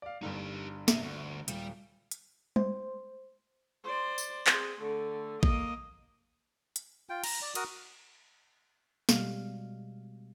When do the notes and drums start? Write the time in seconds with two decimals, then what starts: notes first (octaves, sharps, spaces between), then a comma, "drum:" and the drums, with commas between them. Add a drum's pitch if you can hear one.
0.02 D5 F5
0.23 G1 G2 D#4 G4
0.88 G4 E5, drum: snare
1.02 D2
1.48 D#1 G3, drum: hi-hat
2.11 drum: hi-hat
2.56 C5, drum: tom G3
3.84 C5 D5
4.18 drum: tambourine
4.47 C4 G#4, drum: clap
4.81 D3 A3
5.43 A#3 D#5, drum: kick A1
6.76 drum: hi-hat
7.09 F4 G5
7.24 A#5, drum: cymbal
7.42 D5
7.55 F#4 A#4 D#6, drum: cymbal
9.09 B2 G3 G#3 F5, drum: snare